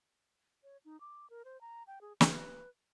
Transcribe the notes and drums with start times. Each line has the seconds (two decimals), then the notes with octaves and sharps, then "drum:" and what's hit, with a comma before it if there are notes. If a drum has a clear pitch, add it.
0.64 C#5
0.85 D#4
1.00 D6
1.30 A#4
1.45 C5
1.61 A#5
1.87 G5
2.01 G#4
2.21 B4, drum: snare